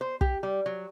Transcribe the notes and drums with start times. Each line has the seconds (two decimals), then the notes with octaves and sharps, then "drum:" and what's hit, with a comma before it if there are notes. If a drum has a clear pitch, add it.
0.01 C5
0.21 G4, drum: kick
0.43 G3
0.66 F#3